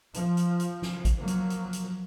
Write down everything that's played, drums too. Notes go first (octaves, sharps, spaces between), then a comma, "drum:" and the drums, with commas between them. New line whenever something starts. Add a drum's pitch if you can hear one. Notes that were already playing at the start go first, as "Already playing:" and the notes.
F3, drum: hi-hat
drum: hi-hat
drum: hi-hat
drum: snare
drum: kick, hi-hat
F3 F#3 A#3
drum: hi-hat
drum: hi-hat
drum: hi-hat